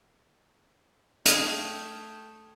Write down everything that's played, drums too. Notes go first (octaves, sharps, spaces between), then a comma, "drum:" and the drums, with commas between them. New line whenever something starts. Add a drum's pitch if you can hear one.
A3 G5 D#6 F6 G#6, drum: hi-hat